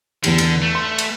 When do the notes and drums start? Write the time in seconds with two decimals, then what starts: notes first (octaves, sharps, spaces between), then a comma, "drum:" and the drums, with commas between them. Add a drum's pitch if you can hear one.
0.24 E2 D3 G4, drum: cymbal
0.38 E2, drum: cymbal
0.62 A3
0.75 C6
0.98 drum: cymbal